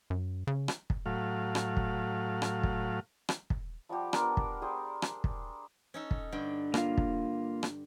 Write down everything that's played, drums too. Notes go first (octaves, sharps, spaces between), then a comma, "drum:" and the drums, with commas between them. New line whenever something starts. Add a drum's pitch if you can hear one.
F#2
C#3
drum: rim click
drum: kick
A2 F#3 F5
drum: rim click
drum: kick
drum: rim click
drum: kick
drum: rim click
drum: kick
F3 G3 F#4 G4
B3 D4 A#4 C5, drum: rim click
drum: kick
G3 G#4 C5
drum: rim click
drum: kick
C#4 D#4 A4
drum: kick
G2 D3 G5
A#3 F4, drum: rim click
drum: kick
drum: rim click